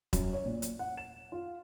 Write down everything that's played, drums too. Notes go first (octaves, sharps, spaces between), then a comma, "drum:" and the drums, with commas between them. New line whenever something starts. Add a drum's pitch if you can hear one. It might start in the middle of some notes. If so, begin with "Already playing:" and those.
F#2, drum: kick E1, hi-hat
C#5
A#2
drum: hi-hat
F#5
E7
F4